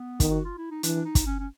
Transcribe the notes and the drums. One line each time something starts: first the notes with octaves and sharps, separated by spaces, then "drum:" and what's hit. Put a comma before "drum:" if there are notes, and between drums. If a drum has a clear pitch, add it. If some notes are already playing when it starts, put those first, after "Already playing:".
Already playing: B3
D#3, drum: kick, hi-hat
F#4
F4
E4
D#4
E3 D4, drum: hi-hat
D#4
drum: kick, hi-hat
C#4
C#4